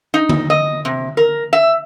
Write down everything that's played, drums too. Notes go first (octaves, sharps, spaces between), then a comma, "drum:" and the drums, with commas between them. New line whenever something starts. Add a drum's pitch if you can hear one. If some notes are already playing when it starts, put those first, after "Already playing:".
D#4
drum: tom D3
D#5
C3
A#4
E5